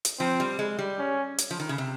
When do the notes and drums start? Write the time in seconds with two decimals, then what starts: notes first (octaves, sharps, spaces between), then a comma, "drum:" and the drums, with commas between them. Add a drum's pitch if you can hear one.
0.05 drum: hi-hat
0.20 F3 C4
0.40 G3
0.59 G#3
0.79 G3
0.99 C#4
1.38 drum: hi-hat
1.51 F3
1.60 D#3
1.69 C#3
1.78 C3